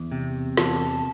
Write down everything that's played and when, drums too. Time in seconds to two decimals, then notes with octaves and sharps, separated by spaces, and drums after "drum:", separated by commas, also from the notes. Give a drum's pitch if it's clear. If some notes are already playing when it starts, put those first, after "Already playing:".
Already playing: E2
0.12 C3
0.57 E2 A5, drum: snare